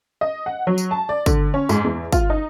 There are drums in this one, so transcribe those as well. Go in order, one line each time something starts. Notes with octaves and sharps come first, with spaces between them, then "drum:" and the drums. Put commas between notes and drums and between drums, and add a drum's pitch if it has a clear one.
D#5
F#5
F#3
drum: tambourine
A5
D5
D3, drum: kick, tambourine
C#4
G#2, drum: tambourine
E2
F4, drum: kick, tambourine
D#4